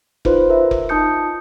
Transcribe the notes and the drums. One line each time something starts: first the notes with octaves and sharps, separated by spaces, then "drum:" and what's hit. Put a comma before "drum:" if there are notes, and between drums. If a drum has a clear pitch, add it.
D#4 F4 B4 C5, drum: kick F1
A#4 E5
drum: kick F1
D#4 F4 A5 D#6 G6 C#7